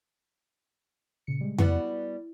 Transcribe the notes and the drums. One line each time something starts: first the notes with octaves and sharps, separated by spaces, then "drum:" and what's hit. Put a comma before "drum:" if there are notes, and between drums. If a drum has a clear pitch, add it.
A#2 C#3 C#7
G3 G#3
G3 B3 E4 F#4, drum: tom F2